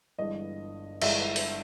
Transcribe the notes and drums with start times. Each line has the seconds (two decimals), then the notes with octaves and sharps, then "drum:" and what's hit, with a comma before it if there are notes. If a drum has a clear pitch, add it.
0.19 G1 G2 E3 G#3 D#5
1.02 G1 G2 E3 G#3 E5, drum: cymbal
1.36 drum: open hi-hat